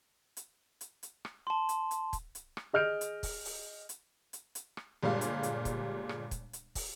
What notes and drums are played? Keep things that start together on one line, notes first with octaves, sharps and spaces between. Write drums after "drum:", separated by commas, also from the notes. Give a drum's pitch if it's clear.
drum: hi-hat
drum: hi-hat
drum: hi-hat
drum: rim click
A5 C6
drum: hi-hat
drum: hi-hat
drum: kick, hi-hat
drum: hi-hat
drum: rim click
G#4 D#5 F6 G6 D7
drum: hi-hat
drum: kick, open hi-hat
drum: open hi-hat
drum: hi-hat
drum: hi-hat
drum: hi-hat
drum: rim click
G1 A#2 G3 G#3 F5
drum: hi-hat
drum: hi-hat
drum: kick, hi-hat
drum: rim click
drum: kick, hi-hat
drum: hi-hat
drum: kick, open hi-hat